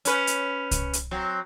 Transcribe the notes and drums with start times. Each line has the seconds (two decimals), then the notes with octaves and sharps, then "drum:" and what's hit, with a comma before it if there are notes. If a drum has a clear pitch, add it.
0.05 C#4 B4, drum: hi-hat
0.27 drum: hi-hat
0.71 drum: kick C2, hi-hat
0.93 drum: hi-hat
1.11 F#3 C4